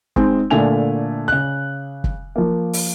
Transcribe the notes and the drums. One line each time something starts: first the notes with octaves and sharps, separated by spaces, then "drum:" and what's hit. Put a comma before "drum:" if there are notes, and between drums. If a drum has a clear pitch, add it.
G#3 C4 D#4, drum: kick
A#2 D3 A3 G#5 F7
C#3 F#6
drum: kick
F3 A#3
drum: open hi-hat